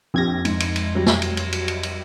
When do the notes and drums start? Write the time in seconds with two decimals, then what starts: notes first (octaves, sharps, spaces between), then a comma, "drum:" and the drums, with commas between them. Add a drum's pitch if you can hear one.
0.14 A#1 F2 G4 G#6 A#6
0.45 G#2, drum: cymbal
0.60 drum: cymbal
0.76 drum: cymbal
0.95 F#3 G3
1.06 drum: snare
1.22 drum: cymbal
1.37 drum: cymbal
1.53 drum: cymbal
1.68 drum: cymbal
1.83 drum: cymbal